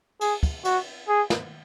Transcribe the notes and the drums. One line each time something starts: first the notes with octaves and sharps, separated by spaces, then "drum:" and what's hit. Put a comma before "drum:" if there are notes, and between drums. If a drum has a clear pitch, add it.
G#4, drum: cymbal
drum: kick, cymbal
F#4, drum: cymbal
G#4
drum: snare